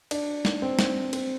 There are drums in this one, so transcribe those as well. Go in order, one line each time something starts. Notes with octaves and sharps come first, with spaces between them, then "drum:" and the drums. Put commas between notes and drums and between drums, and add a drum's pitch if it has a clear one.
D4, drum: cymbal
drum: snare
C4
drum: snare
C4, drum: cymbal